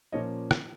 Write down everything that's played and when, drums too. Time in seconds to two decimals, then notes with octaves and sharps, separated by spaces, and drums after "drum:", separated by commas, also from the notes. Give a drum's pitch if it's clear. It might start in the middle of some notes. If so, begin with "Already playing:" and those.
0.12 A#2 F3 A#3 C#4 C#5 D#5
0.51 drum: rim click